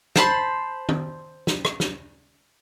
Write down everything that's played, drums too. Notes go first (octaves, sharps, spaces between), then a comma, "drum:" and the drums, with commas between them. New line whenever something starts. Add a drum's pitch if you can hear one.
C5 A5 B5 C6, drum: snare
drum: tom D#3
drum: snare
drum: rim click
drum: snare